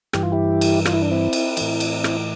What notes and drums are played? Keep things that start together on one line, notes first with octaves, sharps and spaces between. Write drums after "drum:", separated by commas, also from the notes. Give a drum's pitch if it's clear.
G2 E3 G4, drum: rim click
F4
E4 G4
drum: cymbal
F4, drum: rim click
E4
D4
C4 E4
drum: cymbal
A2 E3, drum: cymbal
drum: cymbal
drum: rim click